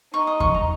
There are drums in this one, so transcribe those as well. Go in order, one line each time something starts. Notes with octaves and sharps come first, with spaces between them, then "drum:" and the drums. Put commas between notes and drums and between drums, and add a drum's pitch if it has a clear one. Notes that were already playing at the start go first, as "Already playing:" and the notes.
D#4 C#6
D#6
C#6, drum: kick E2
A#5